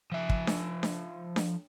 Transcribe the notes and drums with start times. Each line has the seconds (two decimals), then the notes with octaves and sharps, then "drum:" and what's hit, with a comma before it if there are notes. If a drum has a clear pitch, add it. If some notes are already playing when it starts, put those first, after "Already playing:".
0.12 F3 E5
0.30 drum: kick
0.47 drum: snare D4
0.83 drum: snare D4
1.36 drum: snare D4